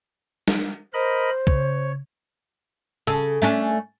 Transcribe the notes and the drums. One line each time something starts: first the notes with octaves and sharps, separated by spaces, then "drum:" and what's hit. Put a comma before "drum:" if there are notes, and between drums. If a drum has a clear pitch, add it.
drum: snare
A#4 C5 D#5 B5
C#3 C#5, drum: kick
C#3 A4, drum: hi-hat
A3 C#4 D4